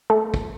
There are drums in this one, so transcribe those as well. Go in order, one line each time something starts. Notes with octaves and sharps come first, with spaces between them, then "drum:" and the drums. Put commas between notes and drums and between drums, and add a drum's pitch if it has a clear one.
A3
drum: kick